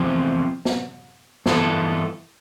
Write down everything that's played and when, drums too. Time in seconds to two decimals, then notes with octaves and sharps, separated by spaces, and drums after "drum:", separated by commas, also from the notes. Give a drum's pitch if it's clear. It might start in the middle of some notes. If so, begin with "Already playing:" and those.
Already playing: E2 C3 F3 C4
0.65 drum: snare
1.46 G2 E3 B3 F4 A4, drum: snare